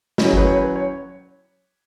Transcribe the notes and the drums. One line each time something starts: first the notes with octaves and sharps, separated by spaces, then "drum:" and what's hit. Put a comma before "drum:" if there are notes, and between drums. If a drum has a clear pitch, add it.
F#3 C#4 E4 D#5, drum: snare
G#4
C#5, drum: kick G#1
B4
C#5
B4
C#5